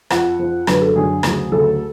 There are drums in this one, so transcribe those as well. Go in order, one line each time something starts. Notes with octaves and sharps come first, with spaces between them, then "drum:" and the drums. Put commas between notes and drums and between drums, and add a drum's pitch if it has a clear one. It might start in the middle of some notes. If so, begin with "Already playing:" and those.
F2 F3 F#5, drum: rim click
F2 F3
F#2 D3 F#3 B4, drum: rim click
A4
F#2 D3 F#3 G#4
D2 C#3 F#3, drum: rim click
D2 C#3 F#3 A4